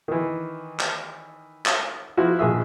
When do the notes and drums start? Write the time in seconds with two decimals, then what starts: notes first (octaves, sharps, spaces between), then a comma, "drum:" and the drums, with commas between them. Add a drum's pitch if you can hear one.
0.08 D#3 E3
0.80 drum: clap
1.66 drum: clap
2.17 F3 E4 F#4
2.39 A#1 D#3 G#4 E5